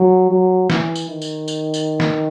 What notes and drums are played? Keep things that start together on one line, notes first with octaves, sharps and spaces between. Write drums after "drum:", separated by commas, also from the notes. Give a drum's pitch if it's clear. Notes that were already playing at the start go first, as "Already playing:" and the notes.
Already playing: F#3
F#3
E3, drum: snare
drum: tambourine
D#3
drum: tambourine
drum: tambourine
drum: tambourine
drum: snare